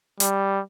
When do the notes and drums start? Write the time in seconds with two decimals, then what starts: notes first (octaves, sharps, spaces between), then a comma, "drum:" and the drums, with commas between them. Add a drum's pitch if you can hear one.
0.20 G3, drum: hi-hat